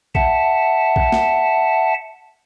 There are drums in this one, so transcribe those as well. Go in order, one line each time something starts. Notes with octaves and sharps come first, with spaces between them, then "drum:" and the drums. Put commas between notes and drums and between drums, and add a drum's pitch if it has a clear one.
E5 F#5 A5, drum: kick A#1
drum: kick A#1
drum: snare